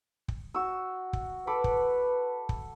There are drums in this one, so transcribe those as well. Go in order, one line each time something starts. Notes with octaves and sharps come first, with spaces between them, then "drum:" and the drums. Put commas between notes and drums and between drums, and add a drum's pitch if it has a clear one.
drum: kick
F#4 E6
drum: kick
A4 B4 B5 D6
drum: kick
drum: kick